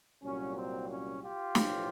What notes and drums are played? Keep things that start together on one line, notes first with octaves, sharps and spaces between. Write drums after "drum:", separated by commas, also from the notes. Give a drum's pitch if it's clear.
C2 A#2 F#3 C#4
C4
C#4
F4 G4
B1 A2 F3, drum: snare